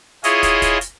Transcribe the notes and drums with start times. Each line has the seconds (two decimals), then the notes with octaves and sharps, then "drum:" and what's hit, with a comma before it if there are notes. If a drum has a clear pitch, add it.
0.24 E4 F4 G#4 C#5 D#5, drum: hi-hat
0.43 drum: kick, hi-hat
0.62 drum: kick, hi-hat
0.81 drum: hi-hat